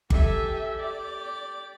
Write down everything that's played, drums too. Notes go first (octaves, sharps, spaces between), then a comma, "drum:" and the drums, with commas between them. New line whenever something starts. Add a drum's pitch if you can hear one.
G4 A4 E5 G#5, drum: kick G1
G4 D5 D6